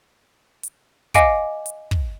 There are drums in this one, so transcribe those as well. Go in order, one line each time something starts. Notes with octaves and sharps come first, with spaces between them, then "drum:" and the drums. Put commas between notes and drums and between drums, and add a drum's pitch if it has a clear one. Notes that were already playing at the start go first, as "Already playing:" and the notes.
drum: hi-hat
D#5 F5 G#5 D6 C#7 D7, drum: kick, hi-hat
drum: hi-hat
drum: kick